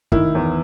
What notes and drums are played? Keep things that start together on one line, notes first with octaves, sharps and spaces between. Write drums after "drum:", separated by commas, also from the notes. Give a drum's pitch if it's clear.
D#3 E4, drum: kick
E2